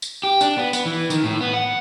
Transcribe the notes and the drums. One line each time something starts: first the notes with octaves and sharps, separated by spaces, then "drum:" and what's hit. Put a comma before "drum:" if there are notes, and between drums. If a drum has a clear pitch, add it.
drum: tambourine
G4
D4, drum: tambourine
B3
B3, drum: tambourine
E3
D#3, drum: tambourine
A2
B3
F#5